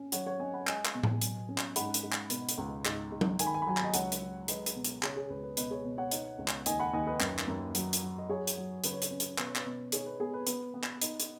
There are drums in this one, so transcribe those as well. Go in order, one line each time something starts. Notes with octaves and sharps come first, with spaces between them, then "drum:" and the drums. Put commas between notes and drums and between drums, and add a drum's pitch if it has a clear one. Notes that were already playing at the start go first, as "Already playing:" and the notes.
Already playing: C#4
F#3 C#5 F#5, drum: hi-hat
C#5 F#5
C#4 D#5 G#5
F#5 B5
G#3 D#5 G#5, drum: clap
drum: clap
B2
drum: tom A2
F#3, drum: hi-hat
C#4
drum: clap
G#2 F#5 B5, drum: hi-hat
drum: hi-hat
G#2
drum: clap
B2, drum: hi-hat
drum: hi-hat
C#2
G#2, drum: clap
G#2
drum: tom F#3
D#3 G#5, drum: hi-hat
B5
G#5
B5
F#3 G#5
B5, drum: clap
D#5 G#5
C#2 C#5 F#5, drum: hi-hat
drum: hi-hat
F#3
G#3 B4 D#5, drum: hi-hat
drum: hi-hat
B2
drum: hi-hat
C#3 G#4 C#5, drum: clap
G#4 C#5
C#2 B4
B4
B2 B4 D#5, drum: hi-hat
G#4 C#5
B2
C#5 F#5
D#4, drum: hi-hat
C#2
drum: clap
D#2 D#5 G#5, drum: hi-hat
F#5 B5
D#2 D#5 G#5
B4 D#5
F#2, drum: clap
drum: clap
F#2
F#3, drum: hi-hat
drum: hi-hat
F#3
D#5
F#3 G#4 C#5
drum: hi-hat
F#3
C#3 B4, drum: hi-hat
C#5
B4, drum: hi-hat
C#4
drum: hi-hat
B2 B4, drum: clap
C#5
B4, drum: clap
B2
D#4 G#4 C#5, drum: hi-hat
B4
B3 G#4
B4
B3 B4, drum: hi-hat
B3
drum: clap
D#4, drum: hi-hat
drum: hi-hat